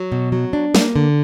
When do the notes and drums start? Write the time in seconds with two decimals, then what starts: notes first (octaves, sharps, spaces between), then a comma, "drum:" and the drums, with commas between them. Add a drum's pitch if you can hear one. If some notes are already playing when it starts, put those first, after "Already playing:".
Already playing: F#3
0.12 B2
0.32 F#3
0.53 D4
0.75 A#3, drum: snare
0.96 D3